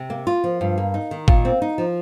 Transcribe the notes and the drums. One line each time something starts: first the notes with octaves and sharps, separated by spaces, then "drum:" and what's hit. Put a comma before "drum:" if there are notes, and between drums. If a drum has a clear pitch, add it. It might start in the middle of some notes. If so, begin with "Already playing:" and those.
Already playing: C3
A#3
F4
F3
G2
A#3
D#4
D#3
A#2, drum: kick G#1
C4
D#4
F3